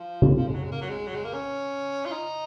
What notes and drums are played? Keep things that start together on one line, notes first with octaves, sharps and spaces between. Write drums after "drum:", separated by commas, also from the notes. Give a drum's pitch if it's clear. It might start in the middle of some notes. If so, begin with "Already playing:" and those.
Already playing: F3
drum: tom C#3
F3
G#3
F#3
G#3
A#3
F#3
G#3
F#3
G#3
A#3
C#4
F4
D#4